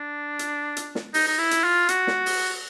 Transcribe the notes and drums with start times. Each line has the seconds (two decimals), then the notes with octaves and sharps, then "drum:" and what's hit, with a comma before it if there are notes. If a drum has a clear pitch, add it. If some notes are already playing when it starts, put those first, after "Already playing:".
Already playing: D4
0.39 drum: hi-hat
0.77 drum: hi-hat
0.95 drum: snare
1.14 D#4, drum: open hi-hat
1.27 D#4
1.39 E4
1.51 drum: hi-hat
1.64 F4
1.89 F#4, drum: hi-hat
2.07 drum: snare
2.26 drum: open hi-hat